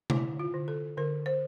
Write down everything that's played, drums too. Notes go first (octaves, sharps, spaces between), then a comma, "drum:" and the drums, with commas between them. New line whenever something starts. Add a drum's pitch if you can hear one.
D3 E4, drum: tom C3
F4
D3
A4
D3 A#4
C5